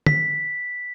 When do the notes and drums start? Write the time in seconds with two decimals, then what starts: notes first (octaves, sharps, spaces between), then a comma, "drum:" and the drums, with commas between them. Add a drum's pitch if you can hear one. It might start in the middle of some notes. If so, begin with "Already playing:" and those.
0.06 B6, drum: tom